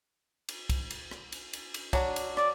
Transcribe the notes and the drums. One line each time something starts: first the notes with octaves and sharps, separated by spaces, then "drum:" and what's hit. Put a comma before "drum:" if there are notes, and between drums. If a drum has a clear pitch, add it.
drum: cymbal
drum: kick, cymbal
drum: cymbal
drum: rim click
drum: cymbal
drum: cymbal
drum: cymbal
F#3 D4, drum: kick, cymbal
drum: cymbal
D5, drum: rim click